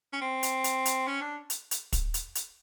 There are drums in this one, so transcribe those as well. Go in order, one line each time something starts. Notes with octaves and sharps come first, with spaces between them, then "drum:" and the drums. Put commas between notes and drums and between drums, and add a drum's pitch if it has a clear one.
C#4
C4
drum: hi-hat
drum: hi-hat
drum: hi-hat
C#4
D4
drum: hi-hat
drum: hi-hat
drum: kick, hi-hat
drum: hi-hat
drum: hi-hat